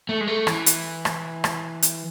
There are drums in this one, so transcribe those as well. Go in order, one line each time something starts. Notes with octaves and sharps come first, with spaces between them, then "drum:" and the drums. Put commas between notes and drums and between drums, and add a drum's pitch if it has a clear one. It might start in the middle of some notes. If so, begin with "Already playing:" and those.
A3
G#3
A3
E3, drum: rim click
drum: hi-hat
drum: rim click
drum: rim click
drum: hi-hat